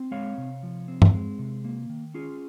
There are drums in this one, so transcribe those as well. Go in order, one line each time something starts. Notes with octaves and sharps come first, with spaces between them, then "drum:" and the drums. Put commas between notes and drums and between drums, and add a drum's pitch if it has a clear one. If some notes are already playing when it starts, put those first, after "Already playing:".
Already playing: C4
G#3 C#5 F5
C3
F3
C4
drum: tom G2
G#3
C3
A#3
D#3
C#4 F4 G#4